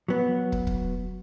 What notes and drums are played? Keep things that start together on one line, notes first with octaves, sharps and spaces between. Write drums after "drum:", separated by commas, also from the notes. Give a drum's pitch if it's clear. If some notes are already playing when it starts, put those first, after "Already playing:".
F#3 B3
drum: kick
drum: kick